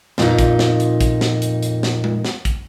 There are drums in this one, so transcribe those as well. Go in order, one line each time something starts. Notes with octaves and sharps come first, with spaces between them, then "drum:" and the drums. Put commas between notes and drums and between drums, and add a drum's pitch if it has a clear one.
F2 A#2 D#4, drum: snare
drum: kick, hi-hat
drum: snare
drum: hi-hat
drum: kick, hi-hat
drum: snare
drum: hi-hat
drum: hi-hat
drum: snare
drum: tom G#3
drum: snare
drum: kick, hi-hat